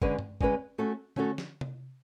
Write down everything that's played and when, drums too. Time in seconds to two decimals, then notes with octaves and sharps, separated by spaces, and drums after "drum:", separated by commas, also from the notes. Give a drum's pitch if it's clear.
0.02 D3 G#3 C#4 G#4 B4, drum: kick G1
0.19 drum: tom G2
0.41 D3 G#3 C#4 G#4 B4, drum: kick G1
0.78 A3 C#4 F#4 A4
1.16 A3 C#4 F#4 A4, drum: tom D3
1.38 drum: snare
1.61 drum: tom C3